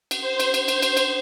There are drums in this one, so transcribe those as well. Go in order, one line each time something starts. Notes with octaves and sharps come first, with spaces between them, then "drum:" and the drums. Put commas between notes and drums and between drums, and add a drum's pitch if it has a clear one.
drum: cymbal
C5
drum: cymbal
drum: cymbal
C5, drum: cymbal
drum: cymbal
drum: cymbal